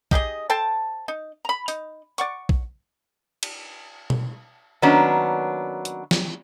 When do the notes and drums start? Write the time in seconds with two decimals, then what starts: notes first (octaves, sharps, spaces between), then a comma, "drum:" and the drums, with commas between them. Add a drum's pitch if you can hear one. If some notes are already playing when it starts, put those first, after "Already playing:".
0.11 D#4 G4 G#4 D#5, drum: kick
0.50 A4 C5 G5 A5
1.08 D#4
1.45 A#5 B5
1.68 D#4, drum: hi-hat
2.18 D5 F#5 C#6, drum: hi-hat
2.49 drum: kick
3.43 drum: cymbal
4.10 drum: tom B2
4.82 D#3 F#3 A#3 B3 C#4 D4
5.85 drum: hi-hat
6.11 drum: snare